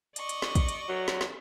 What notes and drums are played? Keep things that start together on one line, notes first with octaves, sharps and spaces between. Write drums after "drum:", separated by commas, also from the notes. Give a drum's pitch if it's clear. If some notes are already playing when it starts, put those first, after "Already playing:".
D5 D#5 C#6, drum: hi-hat
drum: hi-hat
drum: snare
drum: kick, hi-hat
drum: hi-hat
F#3
drum: snare
drum: snare